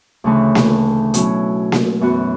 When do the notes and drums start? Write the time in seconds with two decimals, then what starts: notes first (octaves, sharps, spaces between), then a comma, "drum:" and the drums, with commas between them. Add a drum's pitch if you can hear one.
0.24 D2 C#3 E3 A3
0.55 drum: snare A#3
1.14 B2 F#3 C#4 E4, drum: hi-hat
1.72 drum: snare A#3
2.01 F#2 E3 B3 F#4